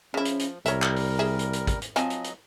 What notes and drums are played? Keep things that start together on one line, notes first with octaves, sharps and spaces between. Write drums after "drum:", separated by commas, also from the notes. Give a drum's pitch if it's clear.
C#3 F3 C#4 E4
drum: hi-hat
drum: hi-hat
C2 G3 A#4 C#5 E5, drum: hi-hat
drum: clap
drum: open hi-hat
G#4 E5
drum: hi-hat
drum: hi-hat
drum: kick, hi-hat
drum: hi-hat
F3 F#3 C4 D#5 G#5, drum: hi-hat
drum: hi-hat
drum: hi-hat